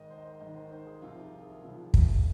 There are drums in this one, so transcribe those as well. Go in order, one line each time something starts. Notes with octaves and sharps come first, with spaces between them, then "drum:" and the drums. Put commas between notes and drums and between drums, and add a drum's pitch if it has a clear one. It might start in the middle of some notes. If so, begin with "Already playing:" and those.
Already playing: G#1 G#2 D#3 D#5
C5
D#5
C5
G#1 G#2 D#3 D#5
C5
C5
G#4
C2 C3 F3 F4
A#4
G#4
C2 C3 F3 F4
drum: kick